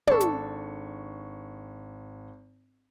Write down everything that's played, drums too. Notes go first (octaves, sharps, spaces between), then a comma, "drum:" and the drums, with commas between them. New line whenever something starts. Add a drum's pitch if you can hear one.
G#1 D4 A4 C#6, drum: tom
drum: hi-hat